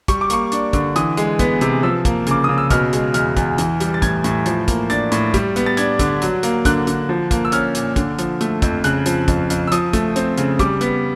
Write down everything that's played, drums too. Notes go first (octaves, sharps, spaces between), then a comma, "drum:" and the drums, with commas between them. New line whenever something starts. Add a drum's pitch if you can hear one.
G3 C#6, drum: kick, hi-hat
D6
A#3 C#6, drum: hi-hat
D4, drum: hi-hat
D3, drum: kick, hi-hat
E3 D#6, drum: hi-hat
G#3, drum: hi-hat
B3, drum: kick, hi-hat
C3, drum: hi-hat
F3 E6
A#3, drum: kick, hi-hat
C#3 D6, drum: hi-hat
C#3 D#6
E6
B2 F6, drum: kick, hi-hat
G#3, drum: hi-hat
E2 F6, drum: hi-hat
E2, drum: kick, hi-hat
E3, drum: hi-hat
G3, drum: hi-hat
A6
A2 G#6, drum: kick, hi-hat
A2, drum: hi-hat
F3, drum: hi-hat
A#3, drum: kick, hi-hat
D4 A6, drum: hi-hat
A2, drum: hi-hat
G3, drum: kick, hi-hat
B3, drum: hi-hat
A6
D4 G#6, drum: hi-hat
D3, drum: kick, hi-hat
F#3, drum: hi-hat
A#3, drum: hi-hat
D3 F#6, drum: kick, hi-hat
D3, drum: hi-hat
F3
A#3, drum: kick, hi-hat
E6
C#4 F6, drum: hi-hat
A#2, drum: hi-hat
D3, drum: kick, hi-hat
F3, drum: hi-hat
A3, drum: hi-hat
F2, drum: kick, hi-hat
C#3 F#6, drum: hi-hat
F3, drum: hi-hat
F2, drum: kick, hi-hat
F2, drum: hi-hat
E6
F3 D#6, drum: hi-hat
A3, drum: kick, hi-hat
C4, drum: hi-hat
C#3, drum: hi-hat
G3 D6, drum: kick, hi-hat
B3, drum: hi-hat